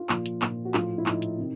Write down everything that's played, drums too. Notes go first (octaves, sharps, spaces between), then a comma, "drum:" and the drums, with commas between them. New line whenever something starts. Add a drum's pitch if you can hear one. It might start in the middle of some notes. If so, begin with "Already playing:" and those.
Already playing: F4
A#2 F3, drum: clap
drum: hi-hat
A#2 F3, drum: clap
F#4
A2 F3 F4, drum: clap
E4
A2 F3 D#4, drum: clap
drum: hi-hat
C3 D#3